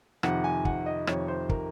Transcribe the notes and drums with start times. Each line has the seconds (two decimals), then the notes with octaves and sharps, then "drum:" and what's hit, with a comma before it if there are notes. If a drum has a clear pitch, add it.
0.23 F2 C3 D#3 F#5, drum: rim click
0.44 G#5
0.65 F#5, drum: kick
0.86 D#5
1.07 F2 C3 D#3 C#5, drum: rim click
1.28 C5
1.49 A#4, drum: kick